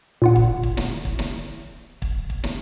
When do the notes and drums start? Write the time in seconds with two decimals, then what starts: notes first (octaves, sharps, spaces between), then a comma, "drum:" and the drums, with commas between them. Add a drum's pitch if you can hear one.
0.22 A#2 F4 F#5
0.36 drum: kick
0.63 drum: kick
0.77 drum: snare
1.05 drum: kick
1.19 drum: snare
2.02 drum: kick
2.30 drum: kick
2.44 drum: snare